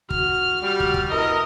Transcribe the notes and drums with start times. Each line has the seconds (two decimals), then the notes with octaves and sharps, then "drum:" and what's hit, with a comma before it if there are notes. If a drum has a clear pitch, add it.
0.10 F#4 F6, drum: kick
0.61 G3
0.80 drum: kick
0.94 drum: kick
1.10 B2 E4 A#4 D#5